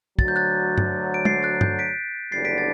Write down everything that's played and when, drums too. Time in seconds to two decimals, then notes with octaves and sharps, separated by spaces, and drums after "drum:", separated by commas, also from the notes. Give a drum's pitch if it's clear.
0.19 D2 D3 F#3 A6, drum: kick
0.28 G6
0.36 F#6 A6
0.78 drum: tom G2
1.14 D7
1.25 A6 C7, drum: tom
1.43 F#6 A6
1.61 G6, drum: tom G2
1.79 B6 D7
2.31 F#1 E2 D3 G3 D4 A6 C7
2.45 B6 D7
2.58 A6